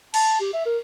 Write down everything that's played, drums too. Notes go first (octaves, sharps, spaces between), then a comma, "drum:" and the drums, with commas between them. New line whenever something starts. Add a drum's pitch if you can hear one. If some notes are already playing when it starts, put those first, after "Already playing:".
A5, drum: cymbal
G4
E5
A#4